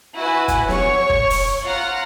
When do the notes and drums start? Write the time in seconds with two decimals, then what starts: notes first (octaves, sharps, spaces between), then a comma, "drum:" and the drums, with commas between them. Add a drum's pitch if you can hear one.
0.16 E4 F#4 B4 G#5
0.48 drum: kick, hi-hat
0.69 C#5 C#6, drum: snare
1.10 drum: kick
1.30 drum: open hi-hat
1.64 F4 F#5 A#5 F6